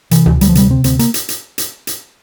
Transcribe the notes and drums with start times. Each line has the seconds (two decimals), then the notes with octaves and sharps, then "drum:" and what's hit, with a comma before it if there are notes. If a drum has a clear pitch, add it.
0.11 C3 E3, drum: hi-hat
0.26 D2, drum: tom B2
0.41 D2 G3, drum: hi-hat
0.49 F3
0.55 C3 G3, drum: hi-hat
0.70 C3 C4
0.84 D2 C4, drum: hi-hat
0.99 A#3, drum: hi-hat
1.14 drum: hi-hat
1.29 drum: hi-hat
1.58 drum: hi-hat
1.87 drum: hi-hat